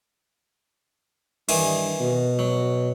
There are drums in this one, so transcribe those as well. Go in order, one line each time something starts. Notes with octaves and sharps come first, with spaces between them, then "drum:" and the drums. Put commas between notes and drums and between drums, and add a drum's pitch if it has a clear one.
G2 D#3 E3 G#5, drum: cymbal
B2
F#3